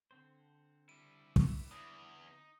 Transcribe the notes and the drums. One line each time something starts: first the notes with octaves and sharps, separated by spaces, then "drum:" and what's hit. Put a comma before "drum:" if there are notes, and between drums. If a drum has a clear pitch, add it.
D3 C4 C5
G3 E4 D#7
drum: kick
E2 D#6
D#4